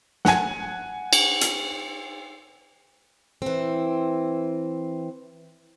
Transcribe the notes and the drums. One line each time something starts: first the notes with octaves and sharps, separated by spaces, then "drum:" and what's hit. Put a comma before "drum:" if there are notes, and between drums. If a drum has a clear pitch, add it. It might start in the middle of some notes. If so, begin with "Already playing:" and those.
F#5 G#5, drum: snare
drum: cymbal
drum: hi-hat
E3 C4